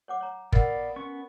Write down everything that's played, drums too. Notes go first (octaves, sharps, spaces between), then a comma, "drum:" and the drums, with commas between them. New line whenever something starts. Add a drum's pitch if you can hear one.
C#5 F#5 D6
C#5 A#5
B3 A#4 D5 F5 F#5, drum: kick
B3 C#4 C#6